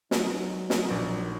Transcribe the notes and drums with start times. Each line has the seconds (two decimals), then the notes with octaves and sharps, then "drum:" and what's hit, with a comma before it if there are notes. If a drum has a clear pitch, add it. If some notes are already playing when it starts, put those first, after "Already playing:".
0.11 F#3 D#4, drum: snare
0.70 drum: snare
0.91 A#1